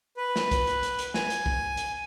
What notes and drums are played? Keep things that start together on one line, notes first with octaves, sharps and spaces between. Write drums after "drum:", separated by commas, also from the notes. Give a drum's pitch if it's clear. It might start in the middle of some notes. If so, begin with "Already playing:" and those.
B4
drum: snare
drum: kick, hi-hat
drum: hi-hat
drum: hi-hat
drum: hi-hat
G#5, drum: snare
drum: hi-hat
drum: kick
drum: hi-hat